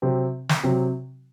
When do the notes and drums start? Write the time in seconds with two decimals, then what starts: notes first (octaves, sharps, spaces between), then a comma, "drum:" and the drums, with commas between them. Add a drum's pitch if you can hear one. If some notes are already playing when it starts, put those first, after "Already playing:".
0.02 C3 F#3 C4 G4
0.49 drum: snare
0.63 C3 F#3 C4 G4